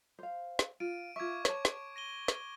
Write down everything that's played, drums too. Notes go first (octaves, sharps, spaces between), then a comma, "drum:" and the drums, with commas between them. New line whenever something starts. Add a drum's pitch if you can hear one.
C5 F5
drum: snare
F4 D7 D#7
F4 E5 C#6 D6 G#6
C#5 A5, drum: snare
drum: snare
A#6 D#7 G7
drum: snare